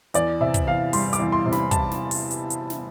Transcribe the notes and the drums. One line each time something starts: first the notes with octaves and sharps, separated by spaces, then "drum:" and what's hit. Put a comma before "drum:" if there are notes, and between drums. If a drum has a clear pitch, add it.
E2 D5, drum: hi-hat
C3 E5
drum: kick, hi-hat
E2 F5
G3 C6, drum: open hi-hat
D6, drum: hi-hat
E2
C6
C3
B5, drum: snare
A5, drum: kick, hi-hat
drum: snare
drum: open hi-hat
drum: hi-hat
drum: hi-hat
drum: snare